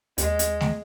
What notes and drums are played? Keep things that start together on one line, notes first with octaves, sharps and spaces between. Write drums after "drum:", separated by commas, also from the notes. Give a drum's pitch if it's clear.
D#2 G#3, drum: hi-hat
drum: hi-hat
drum: snare